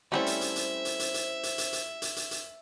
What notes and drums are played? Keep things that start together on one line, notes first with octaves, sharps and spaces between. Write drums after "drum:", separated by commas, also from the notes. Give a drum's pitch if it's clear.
G3 A3 C4 C#4 E4 A4 C5 E5
drum: hi-hat
drum: hi-hat
drum: hi-hat
drum: hi-hat
drum: hi-hat
drum: hi-hat
drum: hi-hat
drum: hi-hat
drum: hi-hat
drum: hi-hat
drum: hi-hat
drum: hi-hat